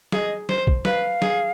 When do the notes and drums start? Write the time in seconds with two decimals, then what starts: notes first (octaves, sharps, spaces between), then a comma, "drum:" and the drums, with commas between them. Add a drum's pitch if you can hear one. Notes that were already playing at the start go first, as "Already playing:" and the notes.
0.12 G#4 D#5 F5, drum: snare
0.49 C5, drum: snare
0.67 drum: kick
0.85 B4 F5, drum: snare
1.22 G#4, drum: snare